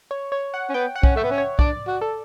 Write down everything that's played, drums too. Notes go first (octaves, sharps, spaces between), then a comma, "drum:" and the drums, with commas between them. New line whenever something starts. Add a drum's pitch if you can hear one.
C#5
C#5
F#5
C#4
B3 G5
F#5
C#4, drum: kick B1
A3 E5
B3
C#4
C#5
D4 D5, drum: kick B1
F#4
A4